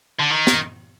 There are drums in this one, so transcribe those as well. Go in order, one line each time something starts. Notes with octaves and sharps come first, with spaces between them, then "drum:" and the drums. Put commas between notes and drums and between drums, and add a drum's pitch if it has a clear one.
D3
D#3
drum: snare